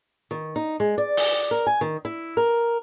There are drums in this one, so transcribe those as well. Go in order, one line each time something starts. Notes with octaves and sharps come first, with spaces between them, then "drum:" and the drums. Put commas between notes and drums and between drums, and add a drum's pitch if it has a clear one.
D#3
D#4
G#3
D5
drum: open hi-hat
A#4
G#5
D#3
E4
A#4